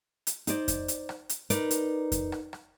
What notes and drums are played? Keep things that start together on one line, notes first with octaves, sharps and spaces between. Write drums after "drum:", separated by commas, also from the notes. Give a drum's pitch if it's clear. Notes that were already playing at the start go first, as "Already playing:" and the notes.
drum: hi-hat
D#4 C5 D5, drum: hi-hat
drum: kick F2, hi-hat
drum: hi-hat
drum: rim click
drum: hi-hat
D#4 A#4 B4 D5, drum: hi-hat
drum: hi-hat
drum: kick F2, hi-hat
drum: rim click
drum: rim click